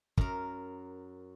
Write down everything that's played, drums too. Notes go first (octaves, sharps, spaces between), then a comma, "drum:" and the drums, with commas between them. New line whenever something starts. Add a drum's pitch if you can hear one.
F#2 A#4, drum: kick